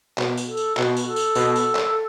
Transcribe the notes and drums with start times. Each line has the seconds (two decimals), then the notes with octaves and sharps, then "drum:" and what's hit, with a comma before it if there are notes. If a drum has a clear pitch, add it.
0.18 B2, drum: clap
0.37 drum: tambourine
0.47 A4
0.57 drum: tambourine
0.77 B2 F#4, drum: clap
0.97 drum: tambourine
1.07 A4
1.16 drum: tambourine
1.35 B2, drum: tambourine
1.56 drum: tambourine
1.75 drum: clap